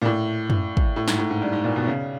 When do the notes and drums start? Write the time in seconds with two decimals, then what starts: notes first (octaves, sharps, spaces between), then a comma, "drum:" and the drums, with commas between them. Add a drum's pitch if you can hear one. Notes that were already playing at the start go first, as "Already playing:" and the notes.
0.02 A#2
0.05 A2
0.50 drum: tom F#2
0.77 drum: kick
0.96 A2
1.08 G#2, drum: snare
1.18 A2
1.30 G#2
1.42 G2
1.53 G#2
1.64 A#2
1.76 B2
1.87 C#3